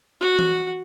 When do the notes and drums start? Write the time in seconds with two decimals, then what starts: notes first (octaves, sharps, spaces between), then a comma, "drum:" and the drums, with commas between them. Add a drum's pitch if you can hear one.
0.21 F#4 F#5
0.39 drum: tom E3